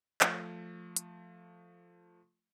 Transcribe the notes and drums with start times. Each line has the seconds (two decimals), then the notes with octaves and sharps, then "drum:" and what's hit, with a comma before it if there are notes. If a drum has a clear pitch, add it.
0.21 F3 A3, drum: clap
0.96 drum: hi-hat